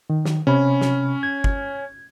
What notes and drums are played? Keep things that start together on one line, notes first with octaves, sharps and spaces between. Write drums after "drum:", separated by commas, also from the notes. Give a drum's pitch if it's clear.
D#3
drum: snare
C3 C#4 B5
drum: snare
G#6
drum: kick G1